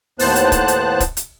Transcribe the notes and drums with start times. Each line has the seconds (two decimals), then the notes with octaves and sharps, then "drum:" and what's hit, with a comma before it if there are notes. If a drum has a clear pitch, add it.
0.19 D#2 A2 B3 C5 A5 F#6, drum: open hi-hat
0.36 drum: hi-hat
0.52 drum: kick, hi-hat
0.68 drum: hi-hat
1.00 drum: kick, hi-hat
1.17 drum: hi-hat